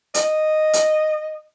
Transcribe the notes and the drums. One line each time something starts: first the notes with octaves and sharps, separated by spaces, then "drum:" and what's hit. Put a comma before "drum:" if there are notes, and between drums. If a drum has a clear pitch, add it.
D#5, drum: hi-hat
drum: hi-hat